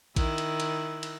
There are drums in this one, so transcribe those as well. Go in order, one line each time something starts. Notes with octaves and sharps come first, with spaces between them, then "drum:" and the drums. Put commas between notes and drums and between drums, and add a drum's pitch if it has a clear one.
D#3 E4, drum: kick A#1, cymbal
drum: cymbal
drum: cymbal
drum: cymbal